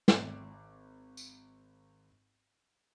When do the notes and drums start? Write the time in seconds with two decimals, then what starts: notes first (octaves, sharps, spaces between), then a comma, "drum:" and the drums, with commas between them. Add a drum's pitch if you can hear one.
0.08 G#1 D6, drum: snare
1.17 drum: tambourine